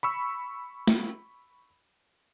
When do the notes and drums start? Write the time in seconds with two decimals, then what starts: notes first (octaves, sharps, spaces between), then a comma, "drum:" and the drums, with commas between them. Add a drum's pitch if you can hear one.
0.03 B5 C#6 E6
0.87 drum: snare